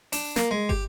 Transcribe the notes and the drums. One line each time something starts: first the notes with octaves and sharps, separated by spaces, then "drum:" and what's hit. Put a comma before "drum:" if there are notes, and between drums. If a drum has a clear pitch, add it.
D4, drum: open hi-hat
A#3, drum: snare
G#3
G4, drum: kick